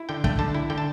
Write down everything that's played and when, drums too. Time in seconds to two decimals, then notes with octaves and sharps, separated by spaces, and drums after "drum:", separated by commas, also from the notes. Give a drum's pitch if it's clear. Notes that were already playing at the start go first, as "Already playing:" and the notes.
Already playing: E4
0.09 D3 G5
0.24 A3 G5, drum: kick
0.39 D3 A5
0.55 E4
0.70 D3 G5
0.78 A5